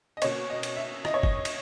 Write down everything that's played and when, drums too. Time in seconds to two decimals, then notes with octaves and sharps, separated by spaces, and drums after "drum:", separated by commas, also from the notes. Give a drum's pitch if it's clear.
0.17 D#5
0.22 B2 A#3 C#4 C#5, drum: cymbal
0.50 D#5
0.63 drum: cymbal
0.76 E5
1.05 D#5, drum: rim click
1.14 C#5
1.23 D#5, drum: kick
1.45 drum: cymbal